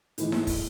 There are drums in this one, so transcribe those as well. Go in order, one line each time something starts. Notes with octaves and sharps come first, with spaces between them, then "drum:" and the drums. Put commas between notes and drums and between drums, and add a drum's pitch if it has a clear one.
A2 E3 G#3, drum: hi-hat
drum: snare D#4
drum: kick, open hi-hat